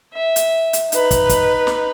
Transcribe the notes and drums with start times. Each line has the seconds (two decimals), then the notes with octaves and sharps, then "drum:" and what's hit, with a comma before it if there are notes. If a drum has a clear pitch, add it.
0.14 E5
0.36 drum: hi-hat
0.73 drum: hi-hat
0.92 D#4 B4, drum: hi-hat
1.11 drum: kick, hi-hat
1.29 drum: kick, hi-hat
1.67 drum: snare